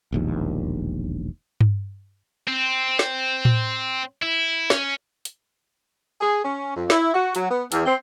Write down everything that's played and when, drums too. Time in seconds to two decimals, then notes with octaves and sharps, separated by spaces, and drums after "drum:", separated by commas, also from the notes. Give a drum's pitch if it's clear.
0.12 E1 A#1 D#2
1.61 drum: tom G2
2.48 C4
2.99 drum: snare
3.45 drum: tom A2
4.22 E4
4.70 C#4, drum: snare
5.25 drum: hi-hat
6.21 G#4
6.43 C#4
6.75 F2
6.90 E4, drum: snare
7.14 F#4
7.35 F#3, drum: hi-hat
7.50 B3
7.72 E2, drum: hi-hat
7.86 C4